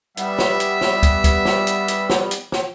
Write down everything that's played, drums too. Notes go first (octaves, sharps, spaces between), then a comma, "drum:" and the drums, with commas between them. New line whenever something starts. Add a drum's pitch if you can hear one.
G3 B3 E5, drum: hi-hat
drum: snare
drum: hi-hat
drum: snare
drum: kick, hi-hat
drum: kick, hi-hat
drum: snare
drum: hi-hat
drum: hi-hat
drum: snare
drum: hi-hat
drum: snare